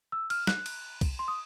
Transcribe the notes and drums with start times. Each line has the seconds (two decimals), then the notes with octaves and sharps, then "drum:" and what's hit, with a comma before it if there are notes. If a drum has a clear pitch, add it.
0.12 E6
0.30 F6, drum: cymbal
0.47 F#6, drum: snare
0.66 drum: cymbal
1.01 drum: kick C2, cymbal
1.19 C6
1.28 D#6